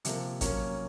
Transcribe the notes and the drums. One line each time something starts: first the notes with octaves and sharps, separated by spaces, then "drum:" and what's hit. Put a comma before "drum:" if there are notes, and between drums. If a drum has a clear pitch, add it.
C3 F3 A#3, drum: hi-hat
F#3 A#3 C#4, drum: kick G#1, hi-hat